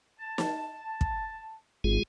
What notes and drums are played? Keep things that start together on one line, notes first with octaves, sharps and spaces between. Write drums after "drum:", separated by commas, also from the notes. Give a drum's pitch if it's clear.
A5
drum: snare
drum: kick
G#1 G#3 F4 G#4